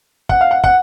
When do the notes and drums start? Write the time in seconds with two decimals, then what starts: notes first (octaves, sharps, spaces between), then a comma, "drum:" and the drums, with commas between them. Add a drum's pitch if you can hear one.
0.29 F#5, drum: kick
0.41 F5
0.51 F#5
0.64 F#5, drum: kick